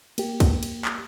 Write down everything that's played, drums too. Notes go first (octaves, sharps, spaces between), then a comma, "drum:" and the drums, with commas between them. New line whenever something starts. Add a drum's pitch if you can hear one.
A#3 G4, drum: cymbal
drum: kick, cymbal
drum: cymbal
drum: clap